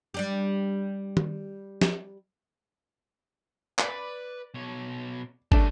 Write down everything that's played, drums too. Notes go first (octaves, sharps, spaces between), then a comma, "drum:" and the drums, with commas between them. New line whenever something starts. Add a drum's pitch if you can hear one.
G3 D4 G4
drum: tom
drum: snare
B4 D5, drum: clap
B2 C#5
G3 A3 C#4 D4, drum: kick